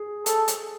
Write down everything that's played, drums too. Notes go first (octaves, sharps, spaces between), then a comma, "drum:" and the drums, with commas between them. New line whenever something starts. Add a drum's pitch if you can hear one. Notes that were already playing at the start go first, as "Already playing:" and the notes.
Already playing: G#4
A4, drum: hi-hat
drum: hi-hat